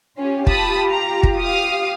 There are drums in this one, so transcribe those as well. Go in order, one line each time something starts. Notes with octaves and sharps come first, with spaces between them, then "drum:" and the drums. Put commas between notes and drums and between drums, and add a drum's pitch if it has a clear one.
C#4 F4 G4
A5 B5 D#6, drum: kick
A#5
drum: kick
F5 D#6